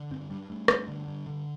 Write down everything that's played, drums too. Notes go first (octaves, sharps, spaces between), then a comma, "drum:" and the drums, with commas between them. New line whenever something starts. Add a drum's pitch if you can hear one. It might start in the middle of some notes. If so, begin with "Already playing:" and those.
Already playing: D3
G2 C4
G2 G3
G2 A3
G2, drum: rim click
D3
G2
D3